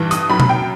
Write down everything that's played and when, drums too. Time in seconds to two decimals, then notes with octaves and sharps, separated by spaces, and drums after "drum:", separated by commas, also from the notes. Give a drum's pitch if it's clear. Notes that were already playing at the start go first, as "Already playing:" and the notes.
Already playing: G2 E3
0.11 D#6, drum: hi-hat
0.30 F#2 B5
0.40 drum: tom B2
0.49 G5